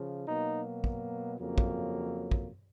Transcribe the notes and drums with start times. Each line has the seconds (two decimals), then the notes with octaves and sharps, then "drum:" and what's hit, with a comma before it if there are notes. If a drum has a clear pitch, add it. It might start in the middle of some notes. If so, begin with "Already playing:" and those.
Already playing: C#3 F3
0.28 B2 F#3 A#3 D#4
0.84 drum: kick
1.39 F2 C#3 F#3 A#3
1.58 drum: kick
2.31 drum: kick